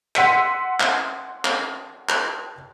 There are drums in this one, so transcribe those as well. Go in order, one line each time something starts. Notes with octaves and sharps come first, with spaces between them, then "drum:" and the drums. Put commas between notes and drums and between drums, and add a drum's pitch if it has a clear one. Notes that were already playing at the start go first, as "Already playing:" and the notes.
F#5 C6 E6 B6 C#7 D#7, drum: clap
drum: clap
drum: clap
drum: clap